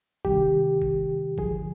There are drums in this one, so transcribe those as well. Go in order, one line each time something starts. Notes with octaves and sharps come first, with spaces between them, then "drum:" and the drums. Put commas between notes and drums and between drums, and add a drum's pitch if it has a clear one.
D2 C3 D#3 G3 G4, drum: kick G1
drum: kick G1
D2 D3 F3 G#4, drum: kick G1